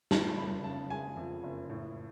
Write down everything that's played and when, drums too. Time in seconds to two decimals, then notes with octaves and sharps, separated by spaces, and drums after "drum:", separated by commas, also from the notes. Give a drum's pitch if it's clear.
0.11 F2 A5, drum: snare
0.38 F#1 B5
0.64 C#3 A5
0.90 G#3 G#5
1.17 F2
1.43 F#1
1.69 A2